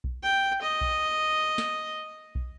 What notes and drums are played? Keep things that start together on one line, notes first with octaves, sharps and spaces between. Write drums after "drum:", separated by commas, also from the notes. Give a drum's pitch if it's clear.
drum: kick B1
G5
D#5
drum: kick B1
drum: snare
drum: kick B1